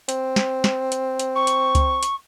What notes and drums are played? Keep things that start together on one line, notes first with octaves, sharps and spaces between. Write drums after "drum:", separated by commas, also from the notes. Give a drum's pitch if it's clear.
C4, drum: hi-hat
drum: snare
drum: snare
drum: hi-hat
drum: hi-hat
C#6
drum: hi-hat
drum: kick C#2, hi-hat
drum: hi-hat